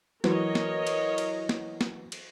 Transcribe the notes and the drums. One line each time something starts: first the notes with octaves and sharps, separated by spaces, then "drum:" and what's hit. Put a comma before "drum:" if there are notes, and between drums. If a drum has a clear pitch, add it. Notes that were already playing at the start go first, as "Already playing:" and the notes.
E3 F#3 A#4 C#5 D#5, drum: snare
drum: snare
drum: cymbal
drum: cymbal
drum: snare
drum: snare
drum: cymbal